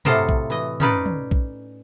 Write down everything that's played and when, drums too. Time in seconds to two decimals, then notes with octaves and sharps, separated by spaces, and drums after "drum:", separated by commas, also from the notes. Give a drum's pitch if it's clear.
0.05 A2 C3 F#3 A4 D#5 F5, drum: tom
0.29 drum: kick B1
0.50 E3 D#5
0.80 C#4 D#4 B4 D5, drum: tom
1.06 drum: tom
1.31 drum: kick B1